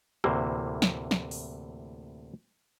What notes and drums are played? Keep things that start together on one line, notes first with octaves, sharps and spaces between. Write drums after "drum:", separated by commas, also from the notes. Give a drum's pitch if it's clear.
D2 A2 C3 E3 A#3 C5, drum: rim click
drum: snare
drum: snare
drum: open hi-hat